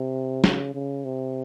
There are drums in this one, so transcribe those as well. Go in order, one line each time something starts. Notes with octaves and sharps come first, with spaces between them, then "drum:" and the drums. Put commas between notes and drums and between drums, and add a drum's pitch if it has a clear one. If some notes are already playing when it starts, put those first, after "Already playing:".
Already playing: C3
C#3, drum: snare
C#3
C3